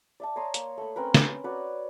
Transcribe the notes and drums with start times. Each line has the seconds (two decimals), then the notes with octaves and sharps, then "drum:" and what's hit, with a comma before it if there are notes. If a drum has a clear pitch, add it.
0.20 D5 E5 A5
0.36 C#5 A#5 C6 D#6
0.54 A#3, drum: hi-hat
0.77 A3 B5
0.96 C4 C#4 A#4 B4
1.14 drum: snare
1.44 F#4 B4 C#5 D5